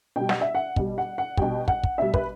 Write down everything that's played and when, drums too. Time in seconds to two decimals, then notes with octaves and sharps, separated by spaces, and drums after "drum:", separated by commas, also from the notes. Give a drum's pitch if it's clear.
0.16 B2 G3 G5
0.29 F#5, drum: snare
0.41 E5
0.55 F#5
0.76 B2 G3, drum: kick
0.98 F#5
1.18 F#5
1.37 B2 G3 G5, drum: kick
1.68 F#5, drum: kick
1.83 drum: kick
1.98 B2 G3 E5
2.14 B4, drum: kick